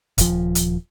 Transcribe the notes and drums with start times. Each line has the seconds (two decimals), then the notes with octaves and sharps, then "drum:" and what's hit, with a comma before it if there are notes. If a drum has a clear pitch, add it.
0.18 D#1 F3, drum: kick, hi-hat
0.55 drum: hi-hat